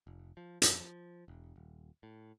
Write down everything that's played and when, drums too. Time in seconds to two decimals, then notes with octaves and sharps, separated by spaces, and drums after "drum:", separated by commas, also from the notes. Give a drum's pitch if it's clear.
0.07 F1
0.37 F3
0.62 F2, drum: hi-hat
0.81 F3
1.28 E1
1.56 D#1
2.03 A2